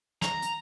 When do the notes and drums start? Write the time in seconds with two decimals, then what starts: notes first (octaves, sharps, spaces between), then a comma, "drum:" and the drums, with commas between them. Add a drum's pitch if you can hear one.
0.22 A#5, drum: snare
0.42 drum: hi-hat